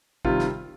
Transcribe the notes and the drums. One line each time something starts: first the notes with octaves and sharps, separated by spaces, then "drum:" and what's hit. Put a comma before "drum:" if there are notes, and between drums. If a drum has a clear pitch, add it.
C3 D#3 G3 F4, drum: kick G#1
drum: snare